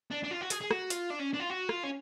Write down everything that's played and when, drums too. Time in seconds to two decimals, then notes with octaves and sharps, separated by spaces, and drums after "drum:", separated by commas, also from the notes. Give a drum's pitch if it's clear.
0.11 D4
0.24 D4
0.31 F4
0.41 F#4
0.50 G#4, drum: hi-hat
0.61 G#4
0.71 F#4, drum: rim click
0.90 F4, drum: hi-hat
1.10 D4
1.19 C#4
1.33 D4
1.40 F4
1.50 F#4
1.69 F4, drum: rim click
1.84 C#4